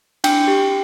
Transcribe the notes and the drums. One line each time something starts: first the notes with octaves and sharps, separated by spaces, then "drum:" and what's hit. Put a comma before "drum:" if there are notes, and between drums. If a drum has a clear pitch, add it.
D4 G5, drum: cymbal
G4